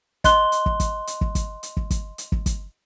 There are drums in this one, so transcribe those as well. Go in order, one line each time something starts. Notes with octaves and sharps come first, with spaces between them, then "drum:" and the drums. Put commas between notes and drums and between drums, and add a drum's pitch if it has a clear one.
D#5 C6 F#6 G7, drum: kick, hi-hat
drum: hi-hat
drum: kick
drum: kick, hi-hat
drum: hi-hat
drum: kick
drum: kick, hi-hat
drum: hi-hat
drum: kick
drum: kick, hi-hat
drum: hi-hat
drum: kick
drum: kick, hi-hat